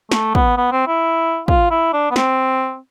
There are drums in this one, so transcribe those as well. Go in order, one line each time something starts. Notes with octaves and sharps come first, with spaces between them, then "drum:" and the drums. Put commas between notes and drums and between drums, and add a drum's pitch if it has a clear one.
A3, drum: snare
B3, drum: kick
B3
C4
E4
F4, drum: kick
E4
D4
B3
C4, drum: snare